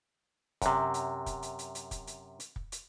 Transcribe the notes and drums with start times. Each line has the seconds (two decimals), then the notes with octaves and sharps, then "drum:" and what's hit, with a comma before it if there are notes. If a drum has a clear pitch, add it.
0.62 F#2 C3, drum: kick, hi-hat
0.94 drum: hi-hat
1.26 drum: kick, hi-hat
1.43 drum: hi-hat
1.59 drum: hi-hat
1.75 drum: hi-hat
1.91 drum: kick, hi-hat
2.07 drum: hi-hat
2.40 drum: hi-hat
2.56 drum: kick
2.72 drum: hi-hat